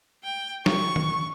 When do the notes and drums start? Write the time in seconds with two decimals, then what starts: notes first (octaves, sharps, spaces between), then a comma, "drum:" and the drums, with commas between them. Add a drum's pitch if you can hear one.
0.24 G5
0.66 C#6, drum: snare
0.96 drum: tom D#3